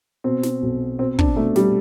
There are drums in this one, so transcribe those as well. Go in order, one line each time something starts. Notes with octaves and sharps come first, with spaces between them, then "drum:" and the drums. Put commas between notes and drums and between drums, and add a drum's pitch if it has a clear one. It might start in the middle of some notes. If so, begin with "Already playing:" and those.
B2 C4
drum: snare
B1
B2 C4
D4, drum: kick
B2 A3
G3, drum: snare